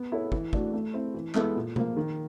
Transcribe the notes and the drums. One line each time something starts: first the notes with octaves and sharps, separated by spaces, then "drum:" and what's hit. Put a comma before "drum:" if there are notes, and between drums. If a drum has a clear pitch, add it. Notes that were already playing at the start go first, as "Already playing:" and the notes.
Already playing: B3
E4 A4 C#5
E3, drum: kick
A3 D4 F#4, drum: kick
A3
C4 E4
E3
G#3 B3 E4 A4, drum: clap
A#2
F3 A#3, drum: tom B2
D#3